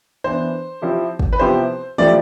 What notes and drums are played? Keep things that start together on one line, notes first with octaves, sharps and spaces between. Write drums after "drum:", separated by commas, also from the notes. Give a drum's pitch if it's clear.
E3 B3 D4 C5
F3 C4 E4 G4
drum: kick
B4
C3 F3 B3 E4 G4 C5
F3 A3 C4 E4 G4 D5, drum: tom D#3